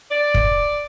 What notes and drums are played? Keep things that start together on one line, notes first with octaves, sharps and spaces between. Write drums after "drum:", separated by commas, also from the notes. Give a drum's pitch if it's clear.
D5
drum: kick